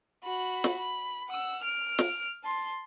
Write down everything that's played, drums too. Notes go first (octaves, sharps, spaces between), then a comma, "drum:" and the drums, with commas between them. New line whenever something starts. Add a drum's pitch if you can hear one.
F#4 B5
drum: snare
B5
F#5 E6
F6 D7
drum: snare
A5 C6